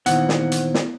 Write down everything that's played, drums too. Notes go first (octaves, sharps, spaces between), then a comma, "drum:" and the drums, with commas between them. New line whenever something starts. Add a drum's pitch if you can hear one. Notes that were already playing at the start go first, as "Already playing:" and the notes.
A#2 D#3 E3 B3 E4 C5 F#5, drum: hi-hat
drum: snare
drum: hi-hat
drum: snare